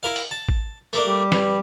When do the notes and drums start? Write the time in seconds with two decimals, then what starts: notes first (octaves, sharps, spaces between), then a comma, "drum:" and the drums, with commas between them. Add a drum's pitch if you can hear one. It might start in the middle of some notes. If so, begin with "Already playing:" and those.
0.03 E4 A#4 F5
0.16 drum: open hi-hat
0.31 A5
0.49 drum: kick A1
0.93 A3 A#3 D4, drum: tambourine
1.06 G3 G4
1.32 G2, drum: snare